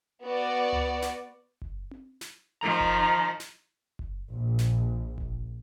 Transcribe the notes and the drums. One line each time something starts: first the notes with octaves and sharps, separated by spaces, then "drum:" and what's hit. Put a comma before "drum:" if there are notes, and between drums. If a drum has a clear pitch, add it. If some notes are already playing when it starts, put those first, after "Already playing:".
B3 F#4 D5
drum: tom C#2
drum: snare
drum: kick F#1
drum: tom C4
drum: snare
D#3 F3 A#5
drum: kick F#1
drum: snare
drum: kick F#1
A#1
drum: snare
drum: kick F#1